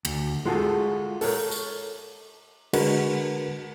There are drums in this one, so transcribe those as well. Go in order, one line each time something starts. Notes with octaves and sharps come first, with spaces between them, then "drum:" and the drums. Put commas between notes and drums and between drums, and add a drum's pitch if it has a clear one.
D2, drum: cymbal
G#3 F4 F#4 G#4 A4
A4 A#4 C#5, drum: open hi-hat
drum: tambourine
D3 G#3 F#4 A#4 B4, drum: cymbal